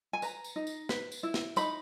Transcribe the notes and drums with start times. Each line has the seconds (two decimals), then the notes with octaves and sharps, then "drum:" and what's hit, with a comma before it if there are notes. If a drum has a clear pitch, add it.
0.13 G#5
0.22 B4 A#5, drum: tambourine
0.44 drum: tambourine
0.56 D#4
0.67 drum: tambourine
0.89 B4, drum: snare
1.12 drum: tambourine
1.23 E4
1.34 drum: snare
1.56 D#4 B5, drum: tambourine